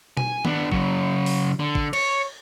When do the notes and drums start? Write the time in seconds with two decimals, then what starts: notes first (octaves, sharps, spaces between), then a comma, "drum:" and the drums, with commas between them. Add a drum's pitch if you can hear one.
0.17 G#5, drum: tom B2
0.45 B3 D4, drum: tom D#3
0.72 C#3 F#3, drum: kick G#1
1.26 drum: open hi-hat
1.59 D3
1.75 drum: kick G#1
1.93 C#5, drum: cymbal